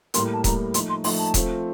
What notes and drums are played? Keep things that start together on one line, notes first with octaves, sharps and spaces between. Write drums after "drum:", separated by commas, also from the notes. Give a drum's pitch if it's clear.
A2 G3 A#3 C6, drum: hi-hat
A5
A2 G3 A#3 A#5, drum: kick D#1, hi-hat
F3 A3 D#4 C6, drum: hi-hat
C6
F3 A3 D#4 C6, drum: open hi-hat
A5
F3 A3 C4 F4, drum: kick D#1, hi-hat